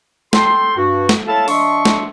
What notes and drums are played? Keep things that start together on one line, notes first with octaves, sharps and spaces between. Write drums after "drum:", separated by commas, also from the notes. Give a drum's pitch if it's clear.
A4 G5 C6, drum: snare
G2 F#4
drum: snare
E4 A4 C#5 F5 A5
F3 D4 D#5 E5 C6 C#6, drum: open hi-hat
drum: snare